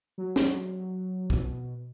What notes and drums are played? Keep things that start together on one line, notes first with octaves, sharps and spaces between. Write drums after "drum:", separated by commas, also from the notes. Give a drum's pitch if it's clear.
F#3
drum: snare
B2, drum: kick